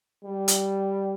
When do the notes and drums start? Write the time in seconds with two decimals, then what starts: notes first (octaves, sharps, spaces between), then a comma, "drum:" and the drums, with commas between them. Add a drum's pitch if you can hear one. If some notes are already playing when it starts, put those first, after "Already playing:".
0.24 G3
0.48 drum: hi-hat